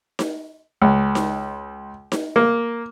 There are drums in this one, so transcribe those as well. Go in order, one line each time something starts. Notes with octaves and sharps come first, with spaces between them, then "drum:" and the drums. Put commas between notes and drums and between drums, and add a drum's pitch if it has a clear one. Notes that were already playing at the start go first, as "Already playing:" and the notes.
drum: snare D#4
C#2
drum: snare D#4
drum: snare D#4
A#3